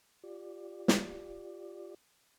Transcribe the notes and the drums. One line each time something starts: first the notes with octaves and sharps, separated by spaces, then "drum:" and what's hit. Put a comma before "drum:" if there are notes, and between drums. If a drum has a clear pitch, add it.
F4 G4 D5
drum: snare